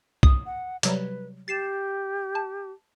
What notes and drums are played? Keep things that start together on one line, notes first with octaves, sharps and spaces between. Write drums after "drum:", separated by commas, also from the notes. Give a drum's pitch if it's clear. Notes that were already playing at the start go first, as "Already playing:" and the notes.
D#6, drum: kick B1
F#5
C3 F#3 G3 B4, drum: hi-hat
G4 A6 C7 E7
A5